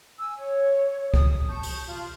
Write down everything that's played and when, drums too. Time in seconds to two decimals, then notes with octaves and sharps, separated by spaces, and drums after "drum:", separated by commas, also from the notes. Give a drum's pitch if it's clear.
0.18 G#5 E6
0.36 C#5
1.14 D#6, drum: kick C#2
1.49 A5 C#6 G6
1.63 drum: open hi-hat
1.86 F4